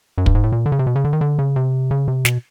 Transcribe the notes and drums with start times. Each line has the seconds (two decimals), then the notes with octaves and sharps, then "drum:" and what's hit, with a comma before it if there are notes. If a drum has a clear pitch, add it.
0.18 F#2
0.26 G2, drum: kick
0.35 G#2
0.44 A2
0.52 A#2
0.66 D3
0.72 C#3
0.79 C3
0.87 B2
0.96 C#3
1.05 D3
1.13 D#3
1.21 D3
1.39 C#3
1.56 C3
1.91 C#3
2.08 C3
2.25 B2, drum: snare